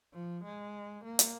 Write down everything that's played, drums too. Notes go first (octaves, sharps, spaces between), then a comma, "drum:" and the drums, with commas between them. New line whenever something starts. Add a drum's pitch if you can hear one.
F3
G#3
A#3
drum: hi-hat